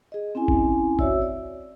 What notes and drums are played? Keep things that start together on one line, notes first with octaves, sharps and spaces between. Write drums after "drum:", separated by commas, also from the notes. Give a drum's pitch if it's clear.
G#4 D#5
C4 C#4 E4 G#5
drum: kick G1
F#4 C#5 D5 E5 E6, drum: kick G1
D5